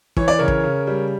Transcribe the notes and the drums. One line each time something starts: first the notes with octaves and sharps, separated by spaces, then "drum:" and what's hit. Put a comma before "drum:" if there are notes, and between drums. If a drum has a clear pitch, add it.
E3 C#5, drum: kick
D5
C#3 A#4 C#5
drum: kick
C#3
G3